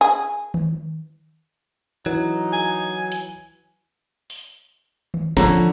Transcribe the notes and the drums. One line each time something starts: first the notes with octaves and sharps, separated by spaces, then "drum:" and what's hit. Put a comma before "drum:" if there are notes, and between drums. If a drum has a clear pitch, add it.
G#4
drum: tom D#3
E3 F#3 D#4
G#5
drum: hi-hat
drum: open hi-hat
drum: tom D#3
D3 F3 C#5 A#5, drum: snare